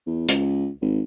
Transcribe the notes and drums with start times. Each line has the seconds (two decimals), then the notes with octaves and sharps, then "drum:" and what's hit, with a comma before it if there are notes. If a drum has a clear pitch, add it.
0.06 E2
0.29 C#2, drum: hi-hat
0.82 G#1